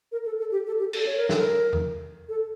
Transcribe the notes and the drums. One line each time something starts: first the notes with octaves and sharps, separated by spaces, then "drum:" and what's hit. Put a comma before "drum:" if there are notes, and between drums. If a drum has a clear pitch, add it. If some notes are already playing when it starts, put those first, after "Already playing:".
A#4
A4
A4
G4
A4
G4
A4, drum: cymbal
C#5
A#4
A4, drum: snare
A#4
drum: tom E2
A4